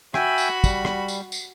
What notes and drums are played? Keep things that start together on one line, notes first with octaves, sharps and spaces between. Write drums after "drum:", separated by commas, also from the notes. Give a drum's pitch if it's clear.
F#4 E5 G5 G#5 B5, drum: rim click
drum: tambourine
G3, drum: kick, tambourine
drum: rim click
drum: tambourine
drum: tambourine